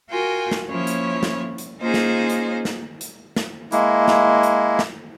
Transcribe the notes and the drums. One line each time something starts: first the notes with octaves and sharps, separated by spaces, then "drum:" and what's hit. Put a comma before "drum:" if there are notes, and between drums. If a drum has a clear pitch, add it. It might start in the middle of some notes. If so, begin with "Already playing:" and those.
F4 F#4 A#4 G5 G#5
drum: snare
F3 A#3 C#4 E4 C#5
drum: hi-hat
drum: snare
drum: hi-hat
A#3 C#4 D#4 F4 G#4 C5
drum: snare
drum: hi-hat
drum: snare
drum: hi-hat
drum: snare
G#3 A#3 E4, drum: hi-hat
drum: snare
drum: hi-hat
drum: snare